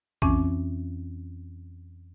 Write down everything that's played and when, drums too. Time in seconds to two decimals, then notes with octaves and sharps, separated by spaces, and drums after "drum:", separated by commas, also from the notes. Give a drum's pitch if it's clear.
0.22 F2 E3 C4 C#4 D6, drum: kick